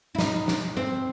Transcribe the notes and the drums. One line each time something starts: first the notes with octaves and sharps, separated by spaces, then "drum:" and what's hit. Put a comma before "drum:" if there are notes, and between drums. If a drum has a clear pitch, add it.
E4
D#4, drum: snare
drum: snare
C4